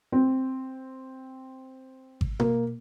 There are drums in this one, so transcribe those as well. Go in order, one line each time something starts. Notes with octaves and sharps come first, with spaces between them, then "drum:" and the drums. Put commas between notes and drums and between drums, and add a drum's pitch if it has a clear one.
C4
drum: kick G#1
A#3, drum: tom B2